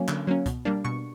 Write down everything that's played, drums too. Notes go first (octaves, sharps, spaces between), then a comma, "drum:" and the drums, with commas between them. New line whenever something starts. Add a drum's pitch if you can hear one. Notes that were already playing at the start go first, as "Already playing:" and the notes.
Already playing: F#3 A#3 C#4
D3, drum: clap
F#3 A#3 C#4
B2, drum: kick C2, hi-hat
G3 A#3 D4
B2 C#6